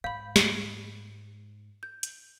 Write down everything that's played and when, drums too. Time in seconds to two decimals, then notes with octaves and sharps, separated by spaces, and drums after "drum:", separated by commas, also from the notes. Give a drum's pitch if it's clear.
0.04 G#2 F5 B5 G6
0.36 drum: snare
1.83 G6
2.03 drum: hi-hat